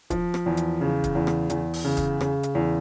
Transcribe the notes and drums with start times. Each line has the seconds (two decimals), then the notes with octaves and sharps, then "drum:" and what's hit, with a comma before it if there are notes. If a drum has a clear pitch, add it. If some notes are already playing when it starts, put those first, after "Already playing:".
0.10 F3, drum: kick, hi-hat
0.34 drum: rim click
0.46 E2
0.57 drum: hi-hat
0.81 C#3
1.04 drum: kick, hi-hat
1.15 E2
1.27 drum: rim click
1.50 E2, drum: hi-hat
1.73 drum: open hi-hat
1.85 C#3
1.97 drum: kick, hi-hat
2.21 C#3, drum: rim click
2.43 drum: hi-hat
2.55 E2